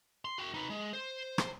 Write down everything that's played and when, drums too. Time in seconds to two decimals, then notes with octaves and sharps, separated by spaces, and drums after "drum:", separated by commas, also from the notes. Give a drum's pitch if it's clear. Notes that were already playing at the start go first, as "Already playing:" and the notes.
0.25 C6
0.38 F#4 G5
0.54 D#4 B4
0.70 G#3
0.93 C5
1.38 drum: rim click